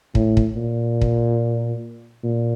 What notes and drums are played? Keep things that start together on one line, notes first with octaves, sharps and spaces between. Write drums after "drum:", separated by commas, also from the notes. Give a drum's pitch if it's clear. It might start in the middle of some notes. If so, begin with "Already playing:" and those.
A2, drum: kick
drum: kick
A#2
drum: kick
A#2